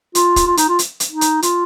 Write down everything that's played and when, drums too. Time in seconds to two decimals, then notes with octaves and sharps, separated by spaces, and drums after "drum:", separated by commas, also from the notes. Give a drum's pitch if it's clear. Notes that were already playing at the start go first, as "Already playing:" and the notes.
0.15 F4, drum: hi-hat
0.36 drum: kick, hi-hat
0.46 F4
0.57 D#4, drum: hi-hat
0.68 F4
0.79 drum: hi-hat
1.00 drum: hi-hat
1.11 D#4
1.21 drum: hi-hat
1.42 F4, drum: hi-hat